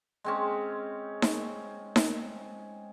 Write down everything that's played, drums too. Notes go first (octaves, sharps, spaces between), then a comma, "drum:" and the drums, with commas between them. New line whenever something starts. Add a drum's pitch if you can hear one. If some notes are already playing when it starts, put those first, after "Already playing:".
G#3 C4 C#4
drum: snare D#4
drum: snare D#4